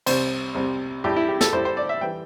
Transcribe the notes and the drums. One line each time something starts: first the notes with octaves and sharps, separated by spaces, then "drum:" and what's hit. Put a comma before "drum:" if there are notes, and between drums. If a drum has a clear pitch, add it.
C2 C3 G3 C5, drum: cymbal
C2 C3 G3
A2 G3 E4 G4
E4
G4
A4, drum: snare
A2 G3 E4 C5
C5
D5
E5
E3 G3 G5